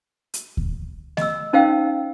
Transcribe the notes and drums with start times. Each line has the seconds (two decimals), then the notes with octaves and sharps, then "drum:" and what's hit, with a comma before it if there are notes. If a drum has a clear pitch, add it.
0.34 drum: hi-hat
0.57 drum: kick D2
1.17 D#5 E6, drum: snare A3
1.53 C#4 D#4 C5 F5 G5 E6